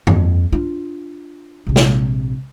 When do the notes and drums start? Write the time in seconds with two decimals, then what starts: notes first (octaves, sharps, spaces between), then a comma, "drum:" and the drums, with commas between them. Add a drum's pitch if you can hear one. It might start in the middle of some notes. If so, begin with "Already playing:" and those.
0.07 F2, drum: tom G2
0.53 D4 F4
1.67 A#1 C3
1.76 drum: snare